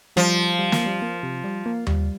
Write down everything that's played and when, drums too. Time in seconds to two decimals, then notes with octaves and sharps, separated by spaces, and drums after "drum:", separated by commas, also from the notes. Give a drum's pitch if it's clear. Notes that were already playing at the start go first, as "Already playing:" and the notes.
0.16 F3 G3
0.59 G3
0.72 A#3, drum: snare
0.86 G3
1.02 A#3
1.23 C3
1.44 G3
1.66 A#3
1.87 G3, drum: tom D#2